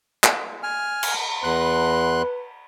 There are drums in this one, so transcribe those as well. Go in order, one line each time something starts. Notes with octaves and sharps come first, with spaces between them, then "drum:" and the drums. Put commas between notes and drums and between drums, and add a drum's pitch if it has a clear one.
drum: clap
G#5 F6
drum: cymbal
E2 B4 C6 F#6